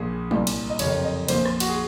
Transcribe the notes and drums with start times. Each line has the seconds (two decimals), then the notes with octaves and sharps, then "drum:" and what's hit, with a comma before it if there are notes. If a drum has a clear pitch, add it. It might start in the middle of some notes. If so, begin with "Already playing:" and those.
Already playing: A#1 A#2 G#4
0.31 C2 A#2, drum: tom F#3
0.47 drum: cymbal
0.70 D#5
0.79 F#1 F2 C3 C#5, drum: cymbal
1.04 D#5
1.28 A#1 A#2 C5, drum: cymbal
1.45 drum: rim click
1.60 F#4, drum: cymbal
1.69 G#4